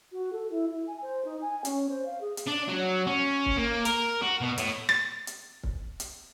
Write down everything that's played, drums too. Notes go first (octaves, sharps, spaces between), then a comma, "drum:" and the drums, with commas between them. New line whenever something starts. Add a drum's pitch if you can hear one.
F#4
A4
E4
E4
G#5
C5
D#4
G#5
C#4, drum: hi-hat
C5
F5
G#4
drum: hi-hat
D4
F#3
C#4
drum: kick
A#3
A#4, drum: hi-hat
F#4
B2
A2, drum: hi-hat
A6, drum: rim click
drum: hi-hat
drum: kick
drum: hi-hat